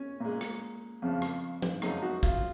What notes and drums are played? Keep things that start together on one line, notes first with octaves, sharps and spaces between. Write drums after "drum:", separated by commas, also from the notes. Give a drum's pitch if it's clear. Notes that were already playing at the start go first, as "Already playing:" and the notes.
Already playing: C#4
A#2 G#3
drum: rim click
F2 C#3 F3
drum: rim click
drum: tom
F#2 F3 G#3 D#4, drum: rim click
F#4
F4, drum: kick